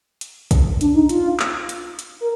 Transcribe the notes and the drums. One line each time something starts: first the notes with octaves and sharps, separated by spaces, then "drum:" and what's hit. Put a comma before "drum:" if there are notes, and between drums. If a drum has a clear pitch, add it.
drum: hi-hat
drum: kick A#1, hi-hat
D4, drum: hi-hat
D#4
F4, drum: hi-hat
drum: clap
drum: hi-hat
drum: hi-hat
A#4